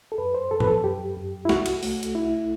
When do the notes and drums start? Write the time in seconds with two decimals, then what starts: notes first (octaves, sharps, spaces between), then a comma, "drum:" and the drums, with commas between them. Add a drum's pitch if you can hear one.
0.12 A4
0.18 F#2 B4
0.34 C5
0.51 F#2 A4
0.60 B4, drum: tom A2
0.67 A4
0.84 F#2 G4
1.17 F#2
1.45 E4
1.49 C2 F#4, drum: snare
1.66 drum: cymbal
1.83 A3, drum: open hi-hat
2.03 drum: hi-hat
2.15 C2 E4